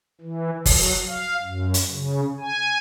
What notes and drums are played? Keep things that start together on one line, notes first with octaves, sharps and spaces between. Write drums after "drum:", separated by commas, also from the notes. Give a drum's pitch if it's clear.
E3
F#3, drum: kick F#1, open hi-hat
F5
F#2
drum: hi-hat
C#3
G#5